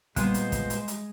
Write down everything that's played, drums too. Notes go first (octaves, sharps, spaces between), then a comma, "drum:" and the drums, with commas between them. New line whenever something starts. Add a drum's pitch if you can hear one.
A#2 G3 G#3 B3 C5, drum: kick, hi-hat
drum: hi-hat
drum: kick, hi-hat
drum: hi-hat
drum: hi-hat